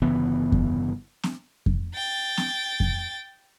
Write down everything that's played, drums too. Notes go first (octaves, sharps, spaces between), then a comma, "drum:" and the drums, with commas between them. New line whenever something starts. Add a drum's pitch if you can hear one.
G1 C#3 E3 B3
drum: kick F2
drum: snare
drum: kick F2
G5 A6
drum: snare
drum: kick F2